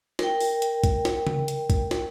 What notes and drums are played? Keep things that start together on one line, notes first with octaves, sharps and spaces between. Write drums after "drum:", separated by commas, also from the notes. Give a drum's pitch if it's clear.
A#4 G5, drum: snare
drum: open hi-hat
drum: hi-hat
drum: kick A#1, hi-hat
drum: snare
drum: tom C#3
drum: hi-hat
drum: kick A#1, hi-hat
drum: snare